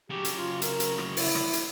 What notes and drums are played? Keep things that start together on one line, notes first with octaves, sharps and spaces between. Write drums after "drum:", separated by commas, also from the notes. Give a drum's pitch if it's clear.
C#3 F#3 G4
drum: hi-hat
F4
A#4, drum: hi-hat
drum: hi-hat
drum: rim click
E4, drum: open hi-hat
drum: rim click
drum: hi-hat